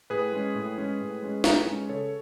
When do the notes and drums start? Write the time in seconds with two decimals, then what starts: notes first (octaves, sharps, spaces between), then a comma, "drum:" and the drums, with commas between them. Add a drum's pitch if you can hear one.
0.10 A2 G#4 B4
0.33 G#3 C#4
0.55 A2
0.78 G#3 C#4
1.00 A2
1.22 G#3 C#4
1.44 A2, drum: snare
1.67 G#3 C#4
1.89 C#3 A4 C#5